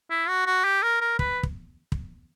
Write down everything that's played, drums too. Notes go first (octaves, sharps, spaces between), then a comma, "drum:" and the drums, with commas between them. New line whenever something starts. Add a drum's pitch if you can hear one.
E4
F#4
F#4
G4
A#4
A#4
B4, drum: kick
drum: kick
drum: kick